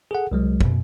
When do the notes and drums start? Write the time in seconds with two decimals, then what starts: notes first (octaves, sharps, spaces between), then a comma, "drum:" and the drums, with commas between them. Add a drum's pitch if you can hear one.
0.11 G#4 A4 F#5
0.32 C2 F#3 G#3
0.61 F#2 B2, drum: kick